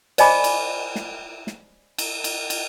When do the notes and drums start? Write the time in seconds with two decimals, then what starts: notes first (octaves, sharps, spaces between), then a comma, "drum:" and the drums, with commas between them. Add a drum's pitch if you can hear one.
0.18 C5 D5 D#5 G#5 B5 D6, drum: cymbal
0.44 drum: cymbal
0.95 drum: snare
1.47 drum: snare
1.98 drum: cymbal
2.24 drum: cymbal
2.50 drum: cymbal